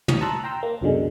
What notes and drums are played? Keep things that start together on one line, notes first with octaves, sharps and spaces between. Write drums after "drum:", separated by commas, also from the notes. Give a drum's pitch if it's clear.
D#2 D#6 C#7, drum: tom
A5 A#5 C6 E6 F#6
G5 A#5 C6 E6
A#3
C2 F#2 B2 D3 G#3